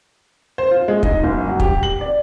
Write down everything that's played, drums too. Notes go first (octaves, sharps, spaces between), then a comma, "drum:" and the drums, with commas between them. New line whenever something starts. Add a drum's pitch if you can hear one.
C5
F4
G#3
D#4, drum: kick
F#1
F#3
G4, drum: kick
F#7
D5